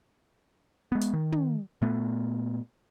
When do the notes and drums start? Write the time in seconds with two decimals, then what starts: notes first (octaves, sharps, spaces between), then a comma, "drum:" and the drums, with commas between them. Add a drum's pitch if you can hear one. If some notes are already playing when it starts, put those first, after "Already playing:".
0.92 G#3 B3
1.01 drum: hi-hat
1.13 D#3
1.32 drum: tom
1.82 A#2 A3 B3